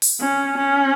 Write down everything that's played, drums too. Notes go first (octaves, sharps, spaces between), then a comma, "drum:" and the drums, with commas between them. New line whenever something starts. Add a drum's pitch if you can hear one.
drum: open hi-hat
C#4
C#4